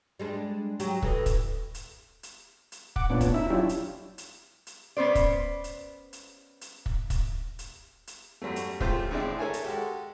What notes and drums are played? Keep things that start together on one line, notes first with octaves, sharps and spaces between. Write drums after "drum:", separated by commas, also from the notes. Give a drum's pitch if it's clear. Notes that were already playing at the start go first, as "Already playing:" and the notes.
G3 G#3 D4
F#3 G4, drum: hi-hat
A2 E3 D#5, drum: kick
drum: kick, hi-hat
drum: hi-hat
drum: hi-hat
drum: hi-hat
F#5 D6, drum: kick
A#2 B3 C#4 D4
drum: kick, hi-hat
D#4 E4 E5
F#3 C#4 D4 E4 F4 G4
drum: hi-hat
drum: hi-hat
drum: hi-hat
B3 C#4 C5 D5
drum: kick, hi-hat
drum: hi-hat
drum: hi-hat
drum: hi-hat
drum: kick
drum: kick, hi-hat
drum: hi-hat
drum: hi-hat
F#2 F#3 G3 A3
drum: hi-hat
C#2 C3 A3 F4 G4 C5, drum: kick
A2 D3 G#3 C4 D4 E4
A4 A#4 C#5 E5 G#5
drum: hi-hat
G#3 F#4 G4 A4